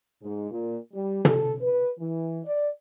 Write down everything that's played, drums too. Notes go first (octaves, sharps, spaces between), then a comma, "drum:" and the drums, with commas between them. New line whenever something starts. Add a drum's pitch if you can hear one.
G#2
A#2
G3
A4, drum: tom
B4
E3
D5